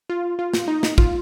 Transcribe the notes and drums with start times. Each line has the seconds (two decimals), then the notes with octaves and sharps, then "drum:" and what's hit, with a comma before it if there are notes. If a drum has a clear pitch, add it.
0.10 F4
0.39 F4
0.54 drum: snare
0.68 D#4
0.83 drum: snare
0.98 F4, drum: kick